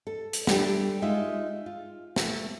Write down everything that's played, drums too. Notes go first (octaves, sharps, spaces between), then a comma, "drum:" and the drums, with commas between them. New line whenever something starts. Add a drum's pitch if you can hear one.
A4
drum: hi-hat
G3 A3 D4 G4, drum: snare
G#3 D#4 F4 E5
F4
A3, drum: snare